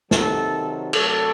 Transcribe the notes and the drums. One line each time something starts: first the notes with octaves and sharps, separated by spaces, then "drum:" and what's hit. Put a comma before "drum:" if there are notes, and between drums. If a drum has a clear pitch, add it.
C3 D#3 F#3 A4, drum: snare
C3 F#3 A3 A4, drum: cymbal